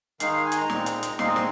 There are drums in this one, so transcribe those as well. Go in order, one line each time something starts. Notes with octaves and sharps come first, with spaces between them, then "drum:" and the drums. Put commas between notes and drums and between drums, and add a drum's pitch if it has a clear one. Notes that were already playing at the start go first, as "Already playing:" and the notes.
D#3 G#3 D#4 F5, drum: hi-hat
F5
G#5
C6, drum: hi-hat
A#5
A#2 G#3 C4 D#4, drum: snare
drum: hi-hat
drum: hi-hat
A#2 G#3 C4 D#4 F5, drum: snare
D#5
C5, drum: snare